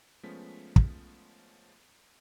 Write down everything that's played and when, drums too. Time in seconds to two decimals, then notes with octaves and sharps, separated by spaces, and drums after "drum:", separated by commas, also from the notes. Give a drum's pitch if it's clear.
0.23 F3 G#3 A3 B3 C#4 B6
0.76 drum: kick